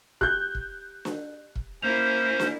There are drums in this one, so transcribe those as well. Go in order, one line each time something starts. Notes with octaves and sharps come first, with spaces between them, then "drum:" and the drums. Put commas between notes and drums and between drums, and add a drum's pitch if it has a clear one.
G4 F#6 G6, drum: kick
drum: kick
drum: snare
drum: kick
A#3 C#4 E4 C5 F7
drum: snare